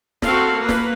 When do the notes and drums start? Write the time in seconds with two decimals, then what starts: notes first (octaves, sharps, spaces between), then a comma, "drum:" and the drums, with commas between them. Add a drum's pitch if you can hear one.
0.22 C4 F#4 A4 F5, drum: snare
0.57 A#3 B4
0.69 drum: snare